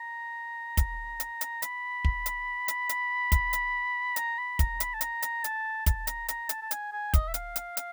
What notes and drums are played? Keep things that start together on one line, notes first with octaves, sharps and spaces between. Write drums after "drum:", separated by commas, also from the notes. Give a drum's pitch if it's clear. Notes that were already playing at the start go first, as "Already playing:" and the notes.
Already playing: A#5
drum: kick, hi-hat
drum: hi-hat
drum: hi-hat
B5, drum: hi-hat
drum: kick
drum: hi-hat
drum: hi-hat
drum: hi-hat
drum: kick, hi-hat
drum: hi-hat
A#5, drum: hi-hat
B5
A#5, drum: kick, hi-hat
B5, drum: hi-hat
A5
A#5, drum: hi-hat
drum: hi-hat
A5, drum: hi-hat
A5, drum: kick, hi-hat
A#5, drum: hi-hat
A#5, drum: hi-hat
A5, drum: hi-hat
A5
G#5, drum: hi-hat
G#5
D#5, drum: kick, hi-hat
E5
F5, drum: hi-hat
drum: hi-hat
drum: hi-hat